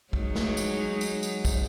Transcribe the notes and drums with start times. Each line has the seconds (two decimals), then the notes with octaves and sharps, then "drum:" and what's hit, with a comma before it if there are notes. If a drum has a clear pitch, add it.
0.13 F#3 G#3 D#4, drum: kick
0.35 drum: snare
0.57 drum: tambourine
1.01 drum: tambourine
1.23 drum: tambourine
1.45 drum: kick, tambourine